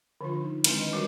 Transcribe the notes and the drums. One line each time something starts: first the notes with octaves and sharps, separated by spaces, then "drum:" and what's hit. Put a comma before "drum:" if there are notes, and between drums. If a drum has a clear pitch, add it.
D3 F3 D4 F4
D#4
D#3 G#3 C4 D4 E4, drum: cymbal
B4 D#5
G3 F4 F#4 A#4 B4 C#5